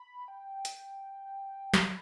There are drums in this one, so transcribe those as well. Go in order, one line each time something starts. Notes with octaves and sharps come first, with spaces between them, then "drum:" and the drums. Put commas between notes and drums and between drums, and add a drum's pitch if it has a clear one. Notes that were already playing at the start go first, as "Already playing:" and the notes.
Already playing: B5
G5
drum: hi-hat
B5, drum: snare